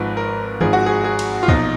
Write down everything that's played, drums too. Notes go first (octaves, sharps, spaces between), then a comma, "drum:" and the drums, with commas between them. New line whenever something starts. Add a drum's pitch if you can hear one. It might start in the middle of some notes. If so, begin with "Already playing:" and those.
Already playing: G#1 G#2 F3 B4
A#4
G#1 G#2 F3 G#4, drum: tom D#3
F#4
G#4
G#4
drum: cymbal
F4
B1 A#2 F3 D#4, drum: kick